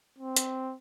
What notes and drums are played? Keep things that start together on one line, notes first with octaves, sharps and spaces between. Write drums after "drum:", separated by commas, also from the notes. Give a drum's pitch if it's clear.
C4
drum: hi-hat